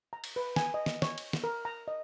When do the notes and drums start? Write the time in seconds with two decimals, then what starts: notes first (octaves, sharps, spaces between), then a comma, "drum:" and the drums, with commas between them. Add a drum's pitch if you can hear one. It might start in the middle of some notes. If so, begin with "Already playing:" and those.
0.13 A#5
0.24 drum: cymbal
0.36 B4
0.56 G#5, drum: snare
0.74 D#5
0.86 drum: snare
1.02 C#5, drum: snare
1.18 drum: cymbal
1.33 drum: snare
1.44 A#4
1.65 A#5
1.88 D#5